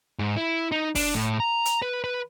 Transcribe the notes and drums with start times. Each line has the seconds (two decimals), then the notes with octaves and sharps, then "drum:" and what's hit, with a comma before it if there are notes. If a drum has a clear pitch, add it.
0.19 G#2
0.37 E4
0.72 D#4
0.95 D4, drum: kick, open hi-hat
1.14 A2
1.40 A#5
1.65 drum: hi-hat
1.82 B4
2.04 B4